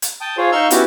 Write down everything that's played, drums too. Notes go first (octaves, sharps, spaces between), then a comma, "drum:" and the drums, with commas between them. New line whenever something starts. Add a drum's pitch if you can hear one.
drum: hi-hat
G5 A5 D#6
F4 G#4 C5 C#5
D#4 F5 C#6 E6 F6 G6
B3 C#4 E4 F#4 G4, drum: hi-hat